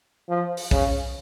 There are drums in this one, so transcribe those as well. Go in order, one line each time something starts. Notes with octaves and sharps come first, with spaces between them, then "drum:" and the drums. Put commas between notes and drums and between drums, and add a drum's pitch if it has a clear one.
F3
drum: open hi-hat
C#3, drum: kick